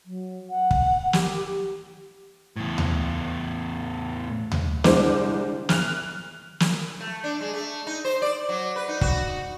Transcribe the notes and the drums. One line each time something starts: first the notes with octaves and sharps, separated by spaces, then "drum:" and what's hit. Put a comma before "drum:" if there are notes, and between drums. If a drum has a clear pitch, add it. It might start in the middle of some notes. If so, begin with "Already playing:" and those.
F#3
F#5
drum: kick
G4, drum: snare
E2 A2
drum: tom D2
drum: tom D2
C2 D3 G#3 C5 D6, drum: snare
F6 F#6 F7, drum: snare
drum: snare
A3
D4
G#3
A3
D#4
C5
D5
F#3
B4
D#4
F#4, drum: kick